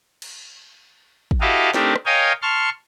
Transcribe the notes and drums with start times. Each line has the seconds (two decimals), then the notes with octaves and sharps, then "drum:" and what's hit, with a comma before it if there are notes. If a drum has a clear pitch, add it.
0.22 drum: cymbal
1.31 drum: kick
1.41 E4 F#4 G4 A4 D#5 F5
1.74 A3 C4 D4 D#4 G4 A#4, drum: snare
1.96 drum: rim click
2.06 A#4 C#5 D#5 F5 G5 G#5
2.42 A5 C6 C#6 F6